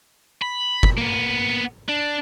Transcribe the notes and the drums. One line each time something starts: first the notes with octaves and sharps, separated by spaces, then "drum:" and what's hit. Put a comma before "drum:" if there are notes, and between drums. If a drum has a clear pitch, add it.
B5
drum: kick F#1
A#3 B3
D4